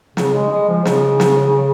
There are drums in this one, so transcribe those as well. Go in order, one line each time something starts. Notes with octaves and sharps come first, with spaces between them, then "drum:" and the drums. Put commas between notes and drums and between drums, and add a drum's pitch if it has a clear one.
C#3, drum: snare
G#3
G#3
F3
C#3, drum: snare
drum: snare